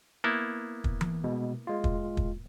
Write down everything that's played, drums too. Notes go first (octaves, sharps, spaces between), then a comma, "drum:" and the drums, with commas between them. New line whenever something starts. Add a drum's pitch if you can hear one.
A#3 B3 E4
drum: kick
drum: tom E3
B2 G#3
G#3 F4
drum: kick
drum: kick